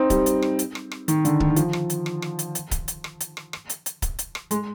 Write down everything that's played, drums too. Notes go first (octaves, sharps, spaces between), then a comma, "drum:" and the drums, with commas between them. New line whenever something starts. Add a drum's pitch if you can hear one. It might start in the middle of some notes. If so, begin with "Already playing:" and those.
Already playing: C4 D#4
G3, drum: kick C#1, hi-hat
drum: hi-hat
drum: rim click
drum: hi-hat
drum: rim click
drum: rim click
D#3, drum: hi-hat
D3, drum: hi-hat
D#3, drum: kick C#1
D#3
F3, drum: hi-hat
drum: rim click
drum: hi-hat
drum: rim click
drum: rim click
drum: hi-hat
drum: hi-hat
drum: kick C#1, hi-hat
drum: hi-hat
drum: rim click
drum: hi-hat
drum: rim click
drum: rim click
drum: hi-hat
drum: hi-hat
drum: kick C#1, hi-hat
drum: hi-hat
drum: rim click
G#3, drum: hi-hat